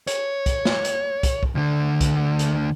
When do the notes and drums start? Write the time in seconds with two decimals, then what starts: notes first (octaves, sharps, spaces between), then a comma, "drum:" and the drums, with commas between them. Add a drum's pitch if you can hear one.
0.07 C#5, drum: hi-hat
0.46 drum: kick, hi-hat
0.65 drum: snare
0.85 drum: hi-hat
1.23 drum: kick, hi-hat
1.43 drum: kick
1.55 D2 D3
2.01 drum: kick, hi-hat
2.39 drum: hi-hat